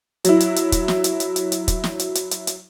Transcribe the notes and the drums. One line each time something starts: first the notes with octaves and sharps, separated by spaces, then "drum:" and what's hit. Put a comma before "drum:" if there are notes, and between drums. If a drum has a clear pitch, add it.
F#3 E4, drum: hi-hat
drum: hi-hat
drum: hi-hat
drum: kick, hi-hat
drum: snare
drum: hi-hat
drum: hi-hat
drum: hi-hat
drum: hi-hat
drum: kick, hi-hat
drum: snare
drum: hi-hat
drum: hi-hat
drum: hi-hat
drum: hi-hat